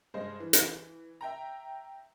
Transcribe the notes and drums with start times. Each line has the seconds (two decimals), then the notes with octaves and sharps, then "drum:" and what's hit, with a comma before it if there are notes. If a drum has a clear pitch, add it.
0.14 G2 G#3 G#4 C5 D#5
0.40 E3
0.53 drum: hi-hat
1.21 E5 G5 A#5